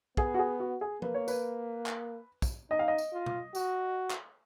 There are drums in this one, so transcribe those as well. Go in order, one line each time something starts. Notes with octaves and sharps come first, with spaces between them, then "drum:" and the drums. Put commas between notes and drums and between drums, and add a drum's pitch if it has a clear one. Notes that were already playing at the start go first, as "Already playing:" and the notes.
B3 G#4, drum: kick
F#4
G#4
F#4
G#4
A#3 B4, drum: tom F3
C#5
B4, drum: tambourine
drum: clap
drum: kick, tambourine
D#4 D#5
F5
D#5
drum: tambourine
F4
drum: tom
F#4, drum: tambourine
drum: clap